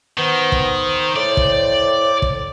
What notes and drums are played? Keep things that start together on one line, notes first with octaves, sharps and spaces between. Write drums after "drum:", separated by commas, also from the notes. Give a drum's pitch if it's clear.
D#3 B3 C5
drum: kick
A2 D5
drum: kick
drum: kick